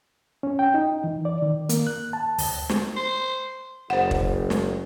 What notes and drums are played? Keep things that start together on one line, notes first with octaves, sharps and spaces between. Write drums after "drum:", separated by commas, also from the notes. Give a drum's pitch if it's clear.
C#4
G5
D#4
E3
D5
D#3
A#3, drum: hi-hat
F#6
A5
D2, drum: open hi-hat
drum: snare
C5
F#1 C5 F#5
drum: kick
drum: snare